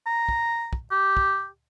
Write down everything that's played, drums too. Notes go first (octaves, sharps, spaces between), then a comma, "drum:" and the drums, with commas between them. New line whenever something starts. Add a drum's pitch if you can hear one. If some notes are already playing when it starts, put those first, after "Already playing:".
A#5
drum: kick
drum: kick
G4
drum: kick